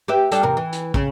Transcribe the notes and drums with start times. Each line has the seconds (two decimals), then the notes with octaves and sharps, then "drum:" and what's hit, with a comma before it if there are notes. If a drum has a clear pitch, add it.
0.08 G4 B4 E5
0.32 G3 D4 A4, drum: hi-hat
0.43 E2 C3 A#4
0.57 E3
0.73 drum: hi-hat
0.94 C#3, drum: kick